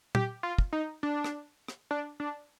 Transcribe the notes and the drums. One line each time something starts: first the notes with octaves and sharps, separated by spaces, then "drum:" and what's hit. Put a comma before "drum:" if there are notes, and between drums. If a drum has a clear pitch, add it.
G4, drum: tom
F4
drum: kick
D#4
D4
drum: rim click
drum: rim click
D4
D4